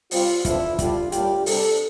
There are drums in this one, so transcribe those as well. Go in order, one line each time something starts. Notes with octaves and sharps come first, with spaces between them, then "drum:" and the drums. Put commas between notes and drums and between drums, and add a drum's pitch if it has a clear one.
C3 G3 C4 F4, drum: open hi-hat
E2 D3 F3 C4 E4, drum: kick, hi-hat
D3 G3 D4 F4, drum: kick, hi-hat
A2 G3 A#3 D4 G4, drum: hi-hat
C3 G3 D4 A4, drum: open hi-hat